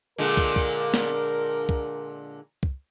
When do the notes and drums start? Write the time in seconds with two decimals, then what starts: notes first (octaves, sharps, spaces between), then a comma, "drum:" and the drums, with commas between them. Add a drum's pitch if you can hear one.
0.18 A#2 D3 G#3 A#4
0.37 drum: kick
0.56 drum: kick
0.94 drum: snare
1.69 drum: kick
2.63 drum: kick